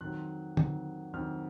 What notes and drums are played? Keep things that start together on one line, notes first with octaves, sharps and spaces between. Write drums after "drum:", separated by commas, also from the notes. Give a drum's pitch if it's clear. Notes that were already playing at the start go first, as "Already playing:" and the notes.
F2 D#3 F#3 F#6
F2 D#3 F#3, drum: tom D3
F2 D#3 F#3 F6